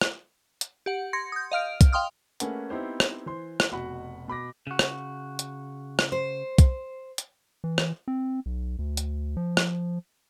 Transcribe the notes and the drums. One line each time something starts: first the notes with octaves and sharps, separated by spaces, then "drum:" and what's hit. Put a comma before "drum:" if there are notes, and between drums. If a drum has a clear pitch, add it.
drum: rim click
drum: hi-hat
G4 F#5
C6 G#6 A#6 C#7
D#6 G6
D#5 F5 F6 D7
drum: kick, hi-hat
F5 G5 C6 D#6 F6
A3 A#3 C#4 G#4 B4 F#5, drum: hi-hat
B3 C4 D#4 E4 G4 C5
drum: rim click
E3 C5 C6
drum: rim click
F1 B2 F#4 F#5 B5
B2 B5 D6 A#6
C#3 F#4
drum: rim click
drum: hi-hat
drum: rim click
C5
drum: kick, hi-hat
drum: hi-hat
E3
drum: rim click
C4
B1
D2
drum: hi-hat
F3
drum: rim click